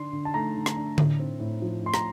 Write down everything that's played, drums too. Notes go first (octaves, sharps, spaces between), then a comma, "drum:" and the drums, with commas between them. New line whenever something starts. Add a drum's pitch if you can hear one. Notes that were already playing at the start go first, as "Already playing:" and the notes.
Already playing: D3 D4 C6
D3
A5
A3 A#5
D3
drum: rim click
D4
A2, drum: tom D3
C4
A2
F3
A2 C6
A#5, drum: rim click